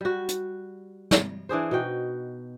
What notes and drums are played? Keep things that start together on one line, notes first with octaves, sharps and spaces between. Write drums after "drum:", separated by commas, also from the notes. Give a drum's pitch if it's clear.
G3 F#4
drum: hi-hat
drum: snare
E3 D4 G#4 C5
B2 D#4 F#4 G5